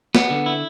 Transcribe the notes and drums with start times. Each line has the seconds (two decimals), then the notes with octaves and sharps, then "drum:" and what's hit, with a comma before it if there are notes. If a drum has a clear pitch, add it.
0.15 B3, drum: snare
0.30 D3
0.46 E4